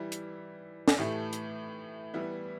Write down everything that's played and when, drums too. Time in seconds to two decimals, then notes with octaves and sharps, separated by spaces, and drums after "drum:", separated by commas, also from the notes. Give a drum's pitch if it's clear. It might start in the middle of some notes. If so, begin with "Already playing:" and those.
Already playing: E3 G3 E4
0.12 drum: hi-hat
0.88 drum: snare
0.98 A2 E3 A3 G4
1.33 drum: hi-hat
2.14 E3 G3 B3 E4